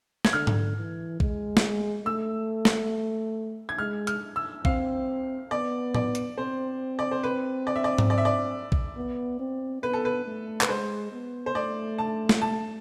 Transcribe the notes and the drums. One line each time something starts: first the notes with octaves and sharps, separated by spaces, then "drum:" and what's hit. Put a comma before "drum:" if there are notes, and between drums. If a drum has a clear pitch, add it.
G#6, drum: snare
D3 F6
drum: tom G#2
E3
G#3, drum: kick A#1
drum: snare
A3 E6
drum: snare
G#6
G#3 F6
F6, drum: hi-hat
E6
C4 F5, drum: kick A#1
B3 D5
D5, drum: tom A2
drum: hi-hat
C4 C5
D5
C5
B4
D5
E5
D5
drum: tom G#2
D5
E5
D5
drum: kick A#1
B3
C4
B3 B4
A4
B4
A3
B4, drum: clap
G#3 C5
B3
C5
A3 D5
A5
drum: snare
A5